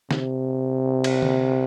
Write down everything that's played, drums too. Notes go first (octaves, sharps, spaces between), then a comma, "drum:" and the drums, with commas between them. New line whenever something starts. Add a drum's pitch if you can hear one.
C3, drum: snare
drum: cymbal
drum: tom D3